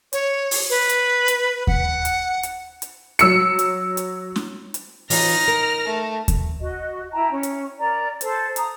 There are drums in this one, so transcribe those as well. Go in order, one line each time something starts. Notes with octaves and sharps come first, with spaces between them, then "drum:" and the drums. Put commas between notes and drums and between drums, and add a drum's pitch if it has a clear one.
C#5, drum: hi-hat
drum: open hi-hat
B4
drum: hi-hat
drum: hi-hat
F#5, drum: kick D#2
drum: hi-hat
drum: hi-hat
drum: hi-hat
F#3 E6 C#7, drum: hi-hat
drum: hi-hat
drum: hi-hat
drum: snare
drum: hi-hat
E3 D#4 F4 C#5 F6 A#6, drum: open hi-hat
A#4
A3
drum: kick D#2, hi-hat
F#4 D#5
E4 G5 A5 A#5
C#4
drum: hi-hat
A#4 D5 A#5
A4 C5, drum: hi-hat
A#5 D#6, drum: hi-hat